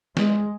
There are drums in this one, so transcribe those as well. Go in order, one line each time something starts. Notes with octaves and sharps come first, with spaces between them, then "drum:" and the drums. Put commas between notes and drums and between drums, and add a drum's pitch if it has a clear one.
G#3, drum: snare